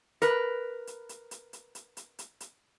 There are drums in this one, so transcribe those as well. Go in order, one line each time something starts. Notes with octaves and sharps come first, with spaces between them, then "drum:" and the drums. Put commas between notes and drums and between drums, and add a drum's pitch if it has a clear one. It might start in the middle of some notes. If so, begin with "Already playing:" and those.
A#4 B4, drum: hi-hat
drum: hi-hat
drum: hi-hat
drum: hi-hat
drum: hi-hat
drum: hi-hat
drum: hi-hat
drum: hi-hat
drum: hi-hat